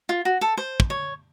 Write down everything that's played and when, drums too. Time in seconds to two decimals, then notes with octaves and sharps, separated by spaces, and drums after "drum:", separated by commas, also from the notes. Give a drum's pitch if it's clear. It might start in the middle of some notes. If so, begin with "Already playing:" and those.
0.09 F4
0.25 F#4
0.41 A4
0.57 C5
0.80 drum: kick
0.90 C#5